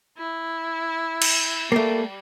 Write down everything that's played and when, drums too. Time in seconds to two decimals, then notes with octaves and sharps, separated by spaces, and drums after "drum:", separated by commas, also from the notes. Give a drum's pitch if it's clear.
0.18 E4
1.22 drum: cymbal
1.72 G3 A3 A#3